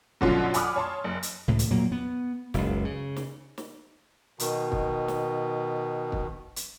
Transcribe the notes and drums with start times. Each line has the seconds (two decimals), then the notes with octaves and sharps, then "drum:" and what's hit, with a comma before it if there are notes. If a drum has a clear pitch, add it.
0.21 G2 B2 D3 F#3 C#4 F4, drum: kick
0.54 F#5 G#5 B5 D6 D#6 F6, drum: hi-hat
0.76 C#5 A5 C6
1.04 F#1
1.23 drum: hi-hat
1.48 C#2 A2 C3
1.59 drum: hi-hat
1.70 E2 A#2 F#3 A#3
1.92 B3
2.54 F#1 C#2, drum: snare
2.85 C#3
3.16 drum: snare
3.58 drum: snare
4.40 B2 D#3, drum: hi-hat
4.72 drum: kick
5.08 drum: snare
6.12 drum: kick
6.56 drum: hi-hat